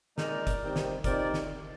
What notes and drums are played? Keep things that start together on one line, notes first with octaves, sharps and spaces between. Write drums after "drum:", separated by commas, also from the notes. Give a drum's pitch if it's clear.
A#2 G#3 D#4 A#4 D5, drum: snare
drum: kick F#1, hi-hat
C3 D#3 G3 C4 D#4
drum: snare
C3 F3 C4 D#4 A#4 D5, drum: kick F#1, hi-hat
drum: snare